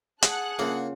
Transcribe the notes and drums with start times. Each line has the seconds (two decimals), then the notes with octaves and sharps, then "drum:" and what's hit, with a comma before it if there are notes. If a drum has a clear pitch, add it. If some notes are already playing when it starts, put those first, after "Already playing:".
0.22 G#4 F#5 A5 F#6, drum: hi-hat
0.59 C#3 A#3 F4